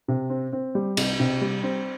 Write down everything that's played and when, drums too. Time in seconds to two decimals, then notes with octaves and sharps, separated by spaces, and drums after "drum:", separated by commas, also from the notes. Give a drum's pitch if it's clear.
0.08 C3
0.30 C4
0.53 C4
0.75 G3
0.97 C2, drum: cymbal
1.20 C3
1.42 G3
1.63 C4